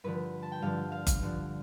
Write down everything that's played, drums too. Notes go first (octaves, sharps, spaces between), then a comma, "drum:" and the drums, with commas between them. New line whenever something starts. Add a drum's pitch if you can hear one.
G2 D3 F3 B4
A5
G5
G2 D3 F3 F5
F5
drum: kick F#1, hi-hat
G2 D3 F3